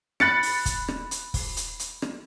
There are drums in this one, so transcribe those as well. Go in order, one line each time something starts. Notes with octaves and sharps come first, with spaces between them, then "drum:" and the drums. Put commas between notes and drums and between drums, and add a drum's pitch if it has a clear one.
B5 F#6 A6 C#7, drum: rim click
drum: open hi-hat
drum: kick, hi-hat
drum: rim click
drum: hi-hat
drum: kick, open hi-hat
drum: hi-hat
drum: hi-hat
drum: rim click